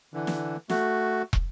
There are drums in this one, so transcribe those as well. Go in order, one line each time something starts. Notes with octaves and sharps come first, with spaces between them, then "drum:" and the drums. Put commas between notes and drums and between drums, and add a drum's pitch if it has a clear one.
D3 E3
drum: snare
A3 F#4, drum: snare
drum: kick